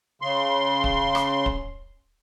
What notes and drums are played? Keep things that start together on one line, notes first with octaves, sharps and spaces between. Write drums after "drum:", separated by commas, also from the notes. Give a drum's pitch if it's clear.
C#3 C6
drum: kick
drum: rim click
drum: kick